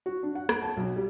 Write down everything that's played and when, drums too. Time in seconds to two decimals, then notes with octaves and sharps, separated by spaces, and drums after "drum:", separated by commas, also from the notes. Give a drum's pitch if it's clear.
0.06 F#4
0.23 D4
0.35 F#5
0.49 D7, drum: rim click
0.62 A5
0.77 B1
0.96 G3